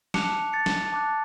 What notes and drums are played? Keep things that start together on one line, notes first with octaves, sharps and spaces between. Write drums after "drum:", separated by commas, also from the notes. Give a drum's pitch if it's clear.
A5 D6 F#6 C#7 F7, drum: snare
A6 C#7
drum: snare
A5 D6 F#6